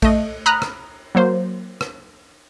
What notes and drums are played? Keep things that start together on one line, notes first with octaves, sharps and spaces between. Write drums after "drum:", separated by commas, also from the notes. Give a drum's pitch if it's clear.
A3 D#5, drum: kick A#1, cymbal
A#5 B5 D#6 F6 F#6
drum: rim click
F#3 A#3 C5
drum: rim click